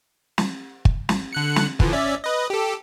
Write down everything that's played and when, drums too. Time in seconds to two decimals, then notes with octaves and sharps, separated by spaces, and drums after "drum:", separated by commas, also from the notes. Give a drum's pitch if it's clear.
0.38 drum: snare
0.85 drum: kick
1.09 drum: snare
1.33 D3 F#6 C#7
1.56 drum: snare
1.80 D3 E3 F3, drum: kick
1.93 C#4 D5 E5
2.24 B4 D#5
2.50 G4 A4